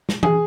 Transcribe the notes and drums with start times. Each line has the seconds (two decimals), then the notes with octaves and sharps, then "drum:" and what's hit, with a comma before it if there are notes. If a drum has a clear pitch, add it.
0.09 drum: snare
0.23 G#4, drum: tom E3